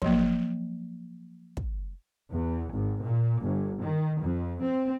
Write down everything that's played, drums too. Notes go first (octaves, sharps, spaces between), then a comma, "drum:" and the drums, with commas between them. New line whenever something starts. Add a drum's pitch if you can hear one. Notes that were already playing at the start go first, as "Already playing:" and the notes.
F3 F#3 A#3, drum: kick
drum: kick
E2
G#1
A#2
G1
D#3
F2
C4